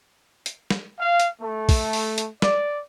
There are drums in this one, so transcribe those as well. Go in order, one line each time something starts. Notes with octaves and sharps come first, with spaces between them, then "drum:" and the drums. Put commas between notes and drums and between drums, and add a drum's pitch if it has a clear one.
drum: hi-hat
drum: snare
F5
drum: hi-hat
A3
drum: kick, open hi-hat
drum: open hi-hat
drum: hi-hat
D5, drum: snare